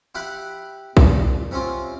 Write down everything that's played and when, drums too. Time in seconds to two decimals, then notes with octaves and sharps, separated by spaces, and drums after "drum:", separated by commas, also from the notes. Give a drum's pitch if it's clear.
0.15 E4 G4 F5 F#5 B5
0.97 A#2, drum: kick B1
1.51 C3 C4 C#4 F4